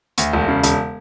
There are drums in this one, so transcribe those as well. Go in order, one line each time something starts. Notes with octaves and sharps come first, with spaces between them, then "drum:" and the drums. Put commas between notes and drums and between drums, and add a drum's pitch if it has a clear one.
D2, drum: hi-hat
E1
C#3
E1, drum: hi-hat